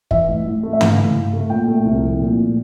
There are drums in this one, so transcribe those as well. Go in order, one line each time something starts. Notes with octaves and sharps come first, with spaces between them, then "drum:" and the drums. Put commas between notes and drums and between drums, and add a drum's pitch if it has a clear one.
E3 E5, drum: kick
A2
A2
A3
E5
E3 F5, drum: tom
A2
A2
A3
A#2 G5
A3
C2
F3
A#2
A3